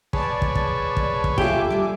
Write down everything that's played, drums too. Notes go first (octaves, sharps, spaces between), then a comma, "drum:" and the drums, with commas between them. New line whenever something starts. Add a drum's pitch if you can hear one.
G#4 B4 C#5 D5 A5, drum: kick
drum: kick
drum: kick
drum: kick
drum: kick
F4 G4 A4 E5 G#5 D6, drum: kick
G3 D4